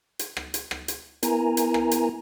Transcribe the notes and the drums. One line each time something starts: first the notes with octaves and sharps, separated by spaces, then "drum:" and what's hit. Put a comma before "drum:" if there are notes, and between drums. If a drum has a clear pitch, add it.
drum: hi-hat
drum: rim click
drum: hi-hat
drum: rim click
drum: hi-hat
B3 E4 A#4 G#5 A#5, drum: hi-hat
drum: hi-hat
drum: rim click
drum: hi-hat